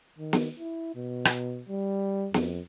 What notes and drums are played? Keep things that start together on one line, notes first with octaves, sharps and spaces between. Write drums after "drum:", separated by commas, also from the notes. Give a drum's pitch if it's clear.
D#3
drum: snare
E4
B2
drum: rim click
G3
F2, drum: snare